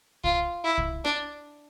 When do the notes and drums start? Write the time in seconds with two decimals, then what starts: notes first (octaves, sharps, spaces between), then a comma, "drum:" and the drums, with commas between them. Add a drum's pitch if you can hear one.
0.24 F4, drum: kick
0.64 E4
0.78 drum: kick
1.05 D4, drum: rim click